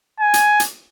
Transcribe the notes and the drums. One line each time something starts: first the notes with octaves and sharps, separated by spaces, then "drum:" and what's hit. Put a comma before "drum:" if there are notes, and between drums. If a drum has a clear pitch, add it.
G#5
drum: hi-hat
drum: hi-hat